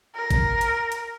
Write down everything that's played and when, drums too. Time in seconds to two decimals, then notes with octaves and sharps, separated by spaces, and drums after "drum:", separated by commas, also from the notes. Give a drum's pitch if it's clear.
0.15 A#4
0.31 drum: kick G#1, hi-hat
0.61 drum: hi-hat
0.92 drum: hi-hat